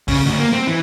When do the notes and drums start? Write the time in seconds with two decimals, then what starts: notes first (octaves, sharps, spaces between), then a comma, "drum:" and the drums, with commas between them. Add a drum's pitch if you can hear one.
0.08 C#3, drum: kick, open hi-hat
0.26 D2
0.38 A#3
0.53 C4
0.67 E3